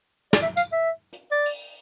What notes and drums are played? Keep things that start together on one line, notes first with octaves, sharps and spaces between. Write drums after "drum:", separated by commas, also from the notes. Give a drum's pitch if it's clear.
D5, drum: snare
E5
F5, drum: tambourine
E5
drum: hi-hat
D5
drum: open hi-hat